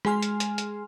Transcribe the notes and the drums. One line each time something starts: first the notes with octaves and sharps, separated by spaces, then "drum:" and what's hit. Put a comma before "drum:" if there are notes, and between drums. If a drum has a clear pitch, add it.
G#3 G#4 G#5 C6 F6, drum: rim click
drum: hi-hat
drum: hi-hat
drum: hi-hat